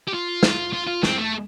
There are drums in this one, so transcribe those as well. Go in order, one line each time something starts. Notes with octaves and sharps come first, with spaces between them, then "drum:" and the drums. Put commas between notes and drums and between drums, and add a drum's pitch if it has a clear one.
G4
F4
drum: snare
F4
F4
C4, drum: snare
A3